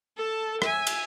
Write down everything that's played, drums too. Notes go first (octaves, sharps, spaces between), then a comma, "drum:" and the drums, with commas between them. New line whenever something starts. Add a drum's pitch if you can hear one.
A4 A5
E5 G#5, drum: rim click
drum: cymbal